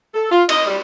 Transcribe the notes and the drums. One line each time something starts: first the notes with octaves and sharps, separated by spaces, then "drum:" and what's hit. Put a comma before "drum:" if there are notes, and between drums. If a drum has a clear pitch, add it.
A4
F4
D#5, drum: cymbal
G3